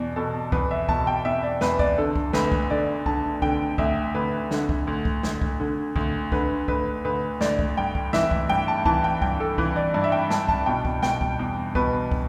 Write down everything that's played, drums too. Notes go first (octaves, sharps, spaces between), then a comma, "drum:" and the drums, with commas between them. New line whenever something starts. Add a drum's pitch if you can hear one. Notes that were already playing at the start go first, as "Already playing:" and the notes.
Already playing: E2 B2 D5
B2 A4
E2 B4, drum: kick
E5
B2 A5, drum: kick
G5
E2 E5
D5
E2 B4, drum: snare
D5, drum: kick
D3 A4
drum: kick
D2 B4, drum: snare
drum: kick
D3 D5
D3 A5, drum: kick
D3 G5, drum: kick
D2 E5, drum: kick
D2 B4
D3, drum: snare
drum: kick
D2
drum: kick
D2, drum: snare
drum: kick
D3
D2, drum: kick
D3 B4, drum: kick
D2 B4, drum: kick
D2 B4
D2 D5, drum: snare
drum: kick
G2 G5
drum: kick
E3 E5, drum: snare
drum: kick
G2 G5
A5
E3 A5, drum: kick
G5
G2 G5, drum: kick
A4
E3 B4, drum: kick
D5
G2 D5
E5
G5
G2 A5, drum: snare
A5, drum: kick
B2 G5
drum: kick
B2 G5, drum: snare
drum: kick
E2
B2 B4, drum: kick
drum: kick